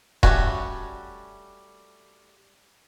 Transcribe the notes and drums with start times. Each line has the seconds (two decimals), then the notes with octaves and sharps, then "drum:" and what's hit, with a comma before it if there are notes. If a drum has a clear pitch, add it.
0.23 G3 A3 A#3 C#4 F#4, drum: kick D#1